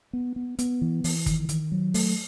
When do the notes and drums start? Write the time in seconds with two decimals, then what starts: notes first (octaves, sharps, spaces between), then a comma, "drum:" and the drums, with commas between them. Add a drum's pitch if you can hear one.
0.13 B3
0.36 B3
0.59 B3, drum: hi-hat
0.82 E3
1.04 E3, drum: open hi-hat
1.26 D#3, drum: kick, hi-hat
1.49 D#3, drum: hi-hat
1.72 F#3
1.94 A3, drum: open hi-hat